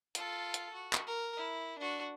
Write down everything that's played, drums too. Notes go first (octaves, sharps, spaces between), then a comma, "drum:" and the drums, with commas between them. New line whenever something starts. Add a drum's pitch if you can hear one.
F4 A4, drum: hi-hat
drum: hi-hat
F#4
drum: clap
A#4
E4
D4 F#4